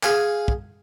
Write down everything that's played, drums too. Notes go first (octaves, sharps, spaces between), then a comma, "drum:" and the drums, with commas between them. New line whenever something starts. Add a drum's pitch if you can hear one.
G#4 F5 F#5 G#5, drum: clap
drum: kick